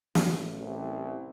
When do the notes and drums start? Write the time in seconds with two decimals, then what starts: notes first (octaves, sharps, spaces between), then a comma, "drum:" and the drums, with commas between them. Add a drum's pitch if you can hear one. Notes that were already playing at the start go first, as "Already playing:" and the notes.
0.15 A1, drum: snare
0.59 C2